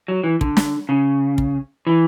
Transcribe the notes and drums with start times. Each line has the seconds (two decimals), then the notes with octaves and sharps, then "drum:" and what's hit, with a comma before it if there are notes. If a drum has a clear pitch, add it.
0.08 F#3
0.24 E3
0.41 D3, drum: kick
0.57 drum: snare
0.89 C#3
1.38 drum: kick
1.87 E3